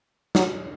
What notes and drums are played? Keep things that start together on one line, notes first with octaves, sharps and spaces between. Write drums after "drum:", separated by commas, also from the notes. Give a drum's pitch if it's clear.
F#3, drum: snare